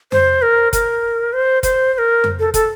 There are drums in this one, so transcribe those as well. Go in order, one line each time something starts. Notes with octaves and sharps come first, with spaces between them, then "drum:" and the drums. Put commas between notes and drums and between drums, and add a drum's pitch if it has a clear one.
C5, drum: tom F2
A#4
A#4, drum: kick, hi-hat
C5
C5, drum: kick, hi-hat
C5
A#4
drum: tom F2
A4
A4, drum: kick, hi-hat